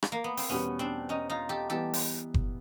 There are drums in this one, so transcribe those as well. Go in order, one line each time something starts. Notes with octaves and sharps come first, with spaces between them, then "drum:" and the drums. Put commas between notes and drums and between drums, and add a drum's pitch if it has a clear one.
drum: rim click
A#3
B3
C4, drum: open hi-hat
E2 B2 G3 B3 C#4
C4 D4
C#4 D#4
D#4 F4
G4 A4
E3 G3 B3 G4 A4
drum: open hi-hat
drum: kick F#1